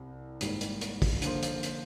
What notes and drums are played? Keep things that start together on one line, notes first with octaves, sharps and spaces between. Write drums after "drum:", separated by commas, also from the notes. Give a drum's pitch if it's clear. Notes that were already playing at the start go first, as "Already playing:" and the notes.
Already playing: C2 C3 G3
G#1 G#2 G3 A#3, drum: hi-hat
drum: hi-hat
drum: hi-hat
drum: kick, open hi-hat
D3 F3 A#3 F4 C5, drum: hi-hat
drum: hi-hat
drum: hi-hat